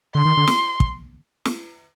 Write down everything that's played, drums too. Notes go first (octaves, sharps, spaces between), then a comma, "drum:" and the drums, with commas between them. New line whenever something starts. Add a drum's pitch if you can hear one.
D3 C6
D#3
D3
drum: snare
drum: kick
drum: snare